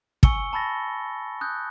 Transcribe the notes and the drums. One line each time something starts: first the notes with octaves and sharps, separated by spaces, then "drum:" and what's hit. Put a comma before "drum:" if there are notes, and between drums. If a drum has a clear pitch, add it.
G#5 C#6 E6 C#7 G7, drum: kick
A5 B5 E6 A6 A#6
D#6 F#6 G6